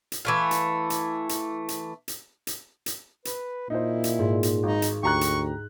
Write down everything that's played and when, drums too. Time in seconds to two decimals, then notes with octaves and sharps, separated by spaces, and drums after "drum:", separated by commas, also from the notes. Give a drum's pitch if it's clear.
0.12 drum: hi-hat
0.25 E3 A3 F5
0.51 drum: hi-hat
0.90 drum: hi-hat
1.29 drum: hi-hat
1.69 drum: hi-hat
2.08 drum: hi-hat
2.47 drum: hi-hat
2.86 drum: hi-hat
3.25 B4, drum: hi-hat
3.70 A#2 D#4 E4 C5
4.04 drum: hi-hat
4.19 G#2
4.43 drum: hi-hat
4.63 G#1 D#4
4.82 drum: hi-hat
5.03 D2 G4 A#5 C#6 F#6
5.21 drum: hi-hat